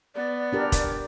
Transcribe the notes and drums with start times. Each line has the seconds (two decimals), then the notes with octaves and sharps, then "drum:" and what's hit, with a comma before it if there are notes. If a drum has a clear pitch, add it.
0.15 B3 D5
0.53 D4 G4 A#4
0.72 drum: kick, hi-hat